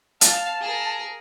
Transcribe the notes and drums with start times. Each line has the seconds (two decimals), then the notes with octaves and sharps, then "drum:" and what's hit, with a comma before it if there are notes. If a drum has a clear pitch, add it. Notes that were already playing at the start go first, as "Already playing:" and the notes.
0.21 F5 A5, drum: hi-hat
0.61 G#4 A#4